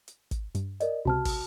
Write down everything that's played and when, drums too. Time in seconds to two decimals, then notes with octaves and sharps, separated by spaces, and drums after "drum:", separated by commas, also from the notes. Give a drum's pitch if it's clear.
0.08 drum: hi-hat
0.31 drum: kick, hi-hat
0.55 G2, drum: hi-hat
0.80 A#4 D5 D#5, drum: hi-hat
1.05 C#2 C3 F#4 A5 F6
1.25 drum: kick, open hi-hat